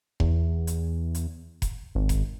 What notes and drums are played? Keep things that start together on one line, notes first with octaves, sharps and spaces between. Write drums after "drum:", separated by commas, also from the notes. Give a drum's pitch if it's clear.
E2, drum: kick F1
drum: hi-hat
drum: hi-hat
drum: kick F1, hi-hat
G#1
drum: kick F1, hi-hat